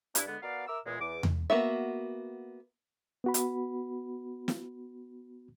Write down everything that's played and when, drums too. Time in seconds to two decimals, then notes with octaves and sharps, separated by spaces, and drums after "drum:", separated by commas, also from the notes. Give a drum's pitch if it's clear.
0.15 G2 D4 E4, drum: hi-hat
0.27 D3 G#3 B3
0.43 B3 F#4 A#4 D5 F5
0.68 A#4 E5 D6 E6
0.85 E2 A#2 G#3
1.00 E2 D6
1.23 drum: tom E2
1.50 A#3 B3 F#4 E5
3.24 B3 F#4 B5
3.34 drum: hi-hat
4.48 drum: snare